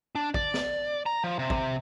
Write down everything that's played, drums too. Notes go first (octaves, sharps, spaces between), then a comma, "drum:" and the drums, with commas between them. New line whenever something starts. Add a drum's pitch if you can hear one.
D4
D5, drum: kick
drum: snare
A#5
F3
C3
drum: kick